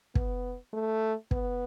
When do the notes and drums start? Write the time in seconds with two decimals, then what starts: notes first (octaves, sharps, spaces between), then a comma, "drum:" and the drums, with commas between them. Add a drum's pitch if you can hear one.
0.15 B3, drum: kick
0.73 A3
1.31 B3, drum: kick